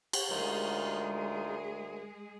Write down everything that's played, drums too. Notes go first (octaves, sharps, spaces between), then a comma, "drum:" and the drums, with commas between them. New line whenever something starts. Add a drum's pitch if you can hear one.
drum: cymbal
D2 G#3 D#4 F4 G#4 A#4